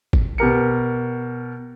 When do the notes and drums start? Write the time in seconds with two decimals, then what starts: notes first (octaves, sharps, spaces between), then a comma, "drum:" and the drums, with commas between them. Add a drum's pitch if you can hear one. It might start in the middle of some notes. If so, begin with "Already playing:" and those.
0.13 drum: kick
0.38 B2 G4 A#4 C#7